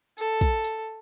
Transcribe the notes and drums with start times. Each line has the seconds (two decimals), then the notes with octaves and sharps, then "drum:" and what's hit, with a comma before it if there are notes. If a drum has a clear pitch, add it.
0.18 A4, drum: tambourine
0.41 drum: kick, tambourine
0.64 drum: tambourine